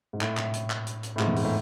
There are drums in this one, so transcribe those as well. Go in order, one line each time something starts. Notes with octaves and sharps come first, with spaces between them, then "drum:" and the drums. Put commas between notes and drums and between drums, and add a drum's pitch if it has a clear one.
G#2
A2, drum: clap
A2, drum: clap
drum: hi-hat
drum: clap
drum: hi-hat
drum: hi-hat
A2
G#2, drum: clap
E2
G#2, drum: open hi-hat
A2